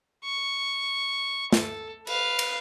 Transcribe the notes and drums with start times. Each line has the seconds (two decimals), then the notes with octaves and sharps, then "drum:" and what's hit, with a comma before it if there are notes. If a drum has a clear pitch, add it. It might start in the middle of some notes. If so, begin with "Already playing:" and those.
0.25 C#6
1.53 A4, drum: snare
2.07 B4 F5, drum: cymbal
2.39 drum: cymbal